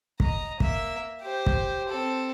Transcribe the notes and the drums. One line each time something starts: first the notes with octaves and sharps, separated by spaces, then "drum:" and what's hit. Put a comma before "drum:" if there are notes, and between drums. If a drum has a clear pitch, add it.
D#5 A#5, drum: kick
A#3 E5, drum: kick
G4 C5
drum: kick
C4 A4